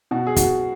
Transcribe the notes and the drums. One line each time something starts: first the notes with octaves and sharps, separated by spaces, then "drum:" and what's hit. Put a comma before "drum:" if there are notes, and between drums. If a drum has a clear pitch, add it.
B2 F#4
G#4
B2 F#4, drum: kick, hi-hat